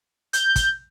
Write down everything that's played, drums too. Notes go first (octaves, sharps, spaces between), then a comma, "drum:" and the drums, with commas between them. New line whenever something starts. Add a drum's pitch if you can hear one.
G6, drum: hi-hat
drum: kick, hi-hat